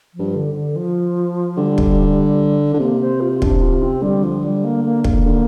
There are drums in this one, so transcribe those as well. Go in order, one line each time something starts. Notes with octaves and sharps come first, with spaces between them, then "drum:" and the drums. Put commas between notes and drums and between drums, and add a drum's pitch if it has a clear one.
G2 F3
D3
D3
F3
D3 G3
drum: kick
D3
C3 A#3
C5
F4
F4
D4, drum: kick
F4
C4
D3 G3
F3
G3
A#3
A#3
A#3, drum: kick
D3